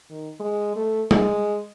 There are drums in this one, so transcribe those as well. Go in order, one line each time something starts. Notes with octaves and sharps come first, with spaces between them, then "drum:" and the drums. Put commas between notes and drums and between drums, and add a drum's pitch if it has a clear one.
D#3
G#3
A3
G#3, drum: tom G3